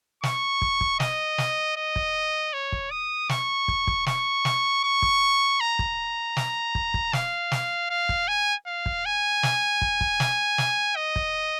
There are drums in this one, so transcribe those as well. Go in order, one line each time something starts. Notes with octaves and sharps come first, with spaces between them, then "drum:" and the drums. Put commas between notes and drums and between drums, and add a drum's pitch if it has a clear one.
C#6, drum: snare
drum: kick
drum: kick
D#5, drum: snare
drum: snare
D#5
drum: kick
C#5
drum: kick
D#6
C#6, drum: snare
drum: kick
drum: kick
C#6, drum: snare
drum: snare
C#6
drum: kick
A#5
drum: kick
drum: snare
drum: kick
drum: kick
F5, drum: snare
drum: snare
F5
drum: kick
G#5
F5
drum: kick
G#5
drum: snare
drum: kick
drum: kick
drum: snare
drum: snare
D#5
drum: kick